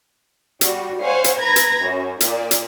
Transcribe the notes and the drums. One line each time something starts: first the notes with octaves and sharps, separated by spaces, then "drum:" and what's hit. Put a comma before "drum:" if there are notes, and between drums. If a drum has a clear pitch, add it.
G3 F#4, drum: hi-hat
C5 C#5 F5 F#5 G#5
drum: hi-hat
B4 A#5 B5 G#6 A#6
drum: hi-hat
F#2
A#2 D5, drum: hi-hat
drum: hi-hat